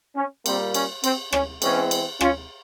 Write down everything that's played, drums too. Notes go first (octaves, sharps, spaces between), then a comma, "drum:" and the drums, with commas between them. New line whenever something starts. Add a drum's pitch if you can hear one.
C#4
A#2 G3 A#3 C4, drum: cymbal
C#4, drum: cymbal
C4, drum: cymbal
C#4, drum: rim click
E2 E3 G#3 C4 C#4, drum: cymbal
drum: cymbal
C#4 F4, drum: rim click